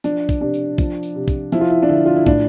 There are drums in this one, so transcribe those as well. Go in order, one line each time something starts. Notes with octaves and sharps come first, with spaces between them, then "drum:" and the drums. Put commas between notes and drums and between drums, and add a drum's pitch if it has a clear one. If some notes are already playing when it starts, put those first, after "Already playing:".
F3 D4, drum: tambourine
drum: kick, tambourine
C3 D4
drum: tambourine
F3, drum: kick, tambourine
drum: tambourine
C3
drum: kick, tambourine
F3 E4, drum: tambourine
F4
E4
D4
D3 E4
F4
E4
A2 D4, drum: kick, tambourine